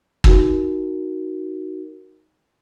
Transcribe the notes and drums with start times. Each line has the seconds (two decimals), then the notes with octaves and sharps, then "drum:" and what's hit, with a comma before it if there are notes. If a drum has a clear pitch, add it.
0.24 D#4 F#4 A#4, drum: kick